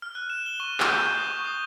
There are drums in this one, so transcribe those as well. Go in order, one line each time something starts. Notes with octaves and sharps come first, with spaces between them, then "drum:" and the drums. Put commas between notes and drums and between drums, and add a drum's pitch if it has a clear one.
F6
F#6
E7
G7
C#6
G6, drum: clap
C#6
D#6
C#6
D#6